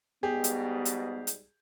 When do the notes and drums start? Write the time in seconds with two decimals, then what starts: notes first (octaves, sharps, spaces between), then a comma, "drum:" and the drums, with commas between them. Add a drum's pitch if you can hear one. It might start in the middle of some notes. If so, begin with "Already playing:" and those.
0.23 G#2 B2 G3 B3 G4 G#4
0.44 drum: hi-hat
0.85 drum: hi-hat
1.27 drum: hi-hat